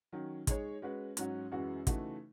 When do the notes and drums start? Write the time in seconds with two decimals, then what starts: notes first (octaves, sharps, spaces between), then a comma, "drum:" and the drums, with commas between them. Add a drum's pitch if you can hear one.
0.13 D#3 F#3 C#4
0.47 G#3 D#4 G#4 C#5, drum: kick, hi-hat
0.82 G#3 C#4 F#4 B4
1.17 G#2 F#3 C#4 F#4, drum: hi-hat
1.52 F#2 E3 G#3 C#4 F#4
1.87 C#3 E3 A3 D#4 F#4, drum: kick, hi-hat